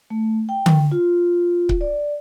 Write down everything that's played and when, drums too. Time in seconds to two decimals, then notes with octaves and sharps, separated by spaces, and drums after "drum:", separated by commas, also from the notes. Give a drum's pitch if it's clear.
0.10 A3
0.49 G5
0.66 drum: tom D3
0.91 F4
1.69 drum: kick C#1
1.81 D5